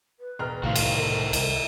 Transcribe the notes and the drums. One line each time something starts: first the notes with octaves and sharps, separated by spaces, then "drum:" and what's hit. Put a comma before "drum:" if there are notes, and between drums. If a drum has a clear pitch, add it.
B4
E1 A#5 F6
C2 A2 D#3 F#4 A#4 C5 F5
drum: cymbal
A4
C2, drum: cymbal